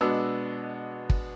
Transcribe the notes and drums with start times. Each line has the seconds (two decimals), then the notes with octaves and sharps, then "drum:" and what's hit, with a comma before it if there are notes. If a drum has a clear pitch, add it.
0.01 B2 G#3 B3 D4 E6
1.10 drum: kick